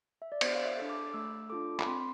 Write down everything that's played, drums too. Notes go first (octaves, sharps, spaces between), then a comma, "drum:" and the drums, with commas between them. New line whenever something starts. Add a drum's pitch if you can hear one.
E5
D5
B3 C5, drum: cymbal
F5
E5
D4 A4
D6
A3 E6
D4 F4 A4 D6
B5, drum: clap
C4 C6